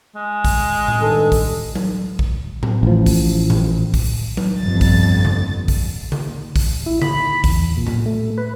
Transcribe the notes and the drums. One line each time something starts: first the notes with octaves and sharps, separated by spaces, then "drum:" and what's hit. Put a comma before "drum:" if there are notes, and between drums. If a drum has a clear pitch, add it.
G#3
drum: kick A#1, open hi-hat
drum: tom A2
G2 D#3 A4
drum: kick A#1, open hi-hat
drum: tom F#3
drum: kick A#1
drum: tom A2
A1 F3
drum: kick A#1, open hi-hat
drum: tom A2
drum: kick A#1, open hi-hat
drum: tom F#3
G1 F2 A6
drum: kick A#1, open hi-hat
drum: tom C#3
drum: kick A#1, open hi-hat
drum: tom C#3
drum: kick A#1, open hi-hat
E4
B5, drum: tom C#3
E2, drum: kick A#1, open hi-hat
A#2
drum: tom A2
A3
B4